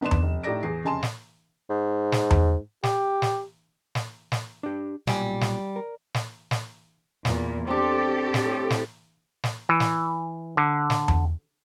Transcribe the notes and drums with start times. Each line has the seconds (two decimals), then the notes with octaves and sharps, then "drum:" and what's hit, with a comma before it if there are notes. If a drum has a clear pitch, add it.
0.01 G#1 B3 D4 C6 E7
0.11 drum: tom E2
0.22 F1
0.43 A2 D#4 G4 D5 A#6 D7
0.63 E2 G#4 C7
0.84 F1 C#3 G#5 A5 C6 E7
1.03 drum: snare
1.70 G#2
2.12 drum: snare
2.31 drum: tom E2
2.83 G4, drum: snare
3.22 drum: snare
3.95 drum: snare
4.32 drum: snare
4.63 D4 G4
5.07 B1 A#2 G3 G#5, drum: snare
5.41 drum: snare
5.76 A#4
6.14 drum: snare
6.51 drum: snare
7.25 E2 A#2, drum: snare
7.67 C4 D4 G4 A4
8.34 drum: snare
8.45 A2
8.70 drum: snare
9.44 drum: snare
9.69 E3
9.80 drum: snare
10.57 D3
10.90 drum: snare
11.08 drum: tom E2